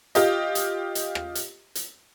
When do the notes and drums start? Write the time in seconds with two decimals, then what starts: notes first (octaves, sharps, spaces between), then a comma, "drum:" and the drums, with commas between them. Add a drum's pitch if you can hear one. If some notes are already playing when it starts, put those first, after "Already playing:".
0.15 F4 G4 D#5, drum: hi-hat
0.55 drum: hi-hat
0.95 drum: hi-hat
1.15 drum: rim click
1.35 drum: hi-hat
1.75 drum: hi-hat